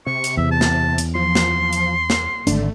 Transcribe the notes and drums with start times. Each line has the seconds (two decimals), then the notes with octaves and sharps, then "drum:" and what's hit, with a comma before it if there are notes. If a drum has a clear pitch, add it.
0.06 C3 C#6
0.24 drum: hi-hat
0.37 E2 E5
0.51 A5
0.61 drum: snare
0.98 drum: hi-hat
1.15 F3 C6
1.35 drum: snare
1.73 drum: hi-hat
2.10 drum: snare
2.47 G#1 D3 A3 D4, drum: hi-hat